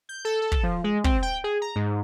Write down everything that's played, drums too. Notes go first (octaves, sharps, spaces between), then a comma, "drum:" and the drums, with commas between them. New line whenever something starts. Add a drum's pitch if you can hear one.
G6
A4
A4
drum: kick
F3
G#3
C4, drum: kick
G5
G#4
A#5
G#2